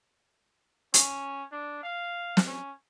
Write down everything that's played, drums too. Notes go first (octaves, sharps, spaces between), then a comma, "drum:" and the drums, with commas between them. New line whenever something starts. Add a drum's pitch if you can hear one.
C#4, drum: hi-hat
D4
F5
drum: snare
C#4